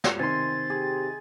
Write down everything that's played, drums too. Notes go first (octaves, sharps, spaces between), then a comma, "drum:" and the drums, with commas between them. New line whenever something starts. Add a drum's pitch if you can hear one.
drum: snare
C3 D#3 C4 G#5 C6 A6
G4 G#4